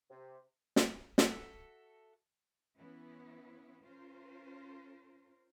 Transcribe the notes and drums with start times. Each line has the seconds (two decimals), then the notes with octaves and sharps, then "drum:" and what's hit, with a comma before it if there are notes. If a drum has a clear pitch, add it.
0.10 C3
0.76 drum: snare
1.18 F#4 A4 E5, drum: snare
2.78 E3 B3 C#4 E4 B4
3.83 C#4 F4 A#4 C5